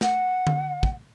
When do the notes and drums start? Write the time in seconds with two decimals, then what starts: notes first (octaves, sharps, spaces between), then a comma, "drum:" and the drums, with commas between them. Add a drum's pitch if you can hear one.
0.01 F#5, drum: snare
0.47 drum: tom D3
0.83 drum: kick